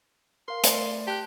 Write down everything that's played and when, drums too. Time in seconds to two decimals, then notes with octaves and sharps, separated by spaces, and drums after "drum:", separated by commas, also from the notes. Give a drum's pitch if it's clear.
0.48 A#4 F5 C6
0.64 A3 D5, drum: hi-hat
1.07 G4 A5 F#6